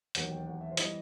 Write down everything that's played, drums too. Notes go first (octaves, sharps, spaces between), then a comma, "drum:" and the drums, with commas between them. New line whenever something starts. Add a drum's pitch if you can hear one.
E1 D#2 D#3 F#3 F#5, drum: hi-hat
G5
F#5
E5
C5
E3 G3 D#5, drum: hi-hat